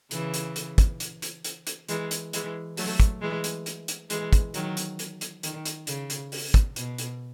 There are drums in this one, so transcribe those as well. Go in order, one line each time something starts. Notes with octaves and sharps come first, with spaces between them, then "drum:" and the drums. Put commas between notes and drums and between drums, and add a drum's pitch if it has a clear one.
C#3 E3, drum: hi-hat
drum: hi-hat
drum: hi-hat
drum: kick, hi-hat
drum: hi-hat
drum: hi-hat
drum: hi-hat
drum: hi-hat
E3 G#3, drum: hi-hat
drum: hi-hat
E3 G#3, drum: hi-hat
F#3 A3, drum: open hi-hat
drum: kick, hi-hat
E3 G#3
drum: hi-hat
drum: hi-hat
drum: hi-hat
E3 G#3, drum: hi-hat
drum: kick, hi-hat
D#3 F#3, drum: hi-hat
drum: hi-hat
drum: hi-hat
drum: hi-hat
D#3, drum: hi-hat
drum: hi-hat
C#3, drum: hi-hat
drum: hi-hat
drum: open hi-hat
drum: kick, hi-hat
B2, drum: hi-hat
drum: hi-hat